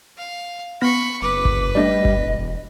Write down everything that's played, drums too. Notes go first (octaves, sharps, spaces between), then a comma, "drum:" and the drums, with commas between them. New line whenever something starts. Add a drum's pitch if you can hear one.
F5
B3 B5 C#6 A#6
F#1 B4 D6
drum: kick G1
G3 A3 D4 D5 D#5
drum: kick G1
E1